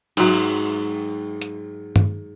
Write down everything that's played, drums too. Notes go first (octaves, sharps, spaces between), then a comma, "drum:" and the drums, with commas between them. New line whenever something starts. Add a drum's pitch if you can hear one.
G#2 F#3, drum: cymbal
drum: hi-hat
drum: tom G2